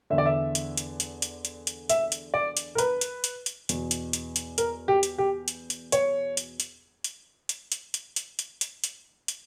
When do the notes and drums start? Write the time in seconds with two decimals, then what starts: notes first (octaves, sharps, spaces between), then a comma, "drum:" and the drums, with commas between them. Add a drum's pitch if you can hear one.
0.10 E2 D3 E5
0.18 D5
0.26 E5
0.55 drum: hi-hat
0.77 drum: hi-hat
1.00 drum: hi-hat
1.22 drum: hi-hat
1.45 drum: hi-hat
1.67 drum: hi-hat
1.89 E5, drum: hi-hat
2.12 drum: hi-hat
2.34 D5
2.57 drum: hi-hat
2.75 A#4
2.78 B4, drum: hi-hat
3.01 drum: hi-hat
3.24 drum: hi-hat
3.46 drum: hi-hat
3.69 E2 B2, drum: hi-hat
3.91 drum: hi-hat
4.13 drum: hi-hat
4.36 drum: hi-hat
4.58 A#4, drum: hi-hat
4.88 G4
5.03 drum: hi-hat
5.18 G4
5.48 drum: hi-hat
5.70 drum: hi-hat
5.92 C#5, drum: hi-hat
6.37 drum: hi-hat
6.60 drum: hi-hat
7.04 drum: hi-hat
7.49 drum: hi-hat
7.72 drum: hi-hat
7.94 drum: hi-hat
8.16 drum: hi-hat
8.39 drum: hi-hat
8.61 drum: hi-hat
8.84 drum: hi-hat
9.28 drum: hi-hat